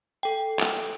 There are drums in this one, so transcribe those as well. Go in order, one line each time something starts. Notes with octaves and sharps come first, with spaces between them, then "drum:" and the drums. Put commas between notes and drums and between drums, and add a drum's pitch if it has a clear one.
A4 G5
drum: clap